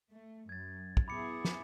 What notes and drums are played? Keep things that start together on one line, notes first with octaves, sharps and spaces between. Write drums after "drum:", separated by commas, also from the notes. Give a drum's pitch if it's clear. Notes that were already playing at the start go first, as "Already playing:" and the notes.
A3
F#2 G#6 A6
drum: kick
B3 E4 G#4 B5 D6 C#7
drum: snare